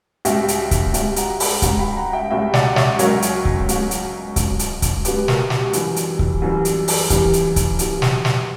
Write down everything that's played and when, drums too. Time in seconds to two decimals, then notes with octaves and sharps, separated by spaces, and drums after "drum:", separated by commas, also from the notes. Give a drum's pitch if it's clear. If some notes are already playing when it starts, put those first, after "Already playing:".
0.25 C#2 B2 G3 E5 G5, drum: hi-hat
0.48 drum: hi-hat
0.71 drum: kick C#1, hi-hat
0.94 C#2 B2 G3 E5 G5, drum: hi-hat
1.16 F#5 A#5, drum: hi-hat
1.40 G5 B5, drum: open hi-hat
1.62 C#2 B2 G3 F#5 A#5, drum: kick C#1, hi-hat
1.79 G5 B5
1.93 B5
1.96 F#5 A#5
2.13 E5 G5
2.31 C#2 B2 G3 E5 G5
2.54 D5 F#5, drum: snare
2.76 C#5 E5, drum: snare
2.99 C#2 B2 F#3 A#4 C#5, drum: hi-hat
3.22 drum: hi-hat
3.45 drum: kick C#1
3.69 C#2 B2 F#3, drum: hi-hat
3.91 drum: hi-hat
4.36 C#2 B2 F#3, drum: kick C#1, hi-hat
4.59 drum: hi-hat
4.82 drum: kick C#1, hi-hat
5.05 C#2 B2 F#3 G4 B4, drum: hi-hat
5.28 F#4 A#4, drum: snare
5.50 G4, drum: snare
5.73 F#2 E3 G3, drum: hi-hat
5.96 drum: hi-hat
6.19 drum: kick C#1
6.42 F#2 E3 G3
6.65 drum: hi-hat
6.88 drum: open hi-hat
7.10 F#2 E3 G3 G4, drum: kick C#1, hi-hat
7.33 drum: hi-hat
7.56 drum: kick C#1, hi-hat
7.79 F#2 E3 G3, drum: hi-hat
8.02 drum: snare
8.25 drum: snare